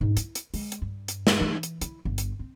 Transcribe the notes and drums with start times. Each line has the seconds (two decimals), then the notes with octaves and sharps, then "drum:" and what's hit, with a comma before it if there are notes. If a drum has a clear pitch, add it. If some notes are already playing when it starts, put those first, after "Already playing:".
0.01 G#2
0.17 E4, drum: hi-hat
0.35 drum: hi-hat
0.54 G#3, drum: open hi-hat
0.72 drum: hi-hat
0.82 G2
1.08 drum: hi-hat
1.27 drum: snare
1.41 E3
1.63 drum: hi-hat
1.81 E4, drum: hi-hat
2.05 G1
2.18 drum: hi-hat
2.39 C4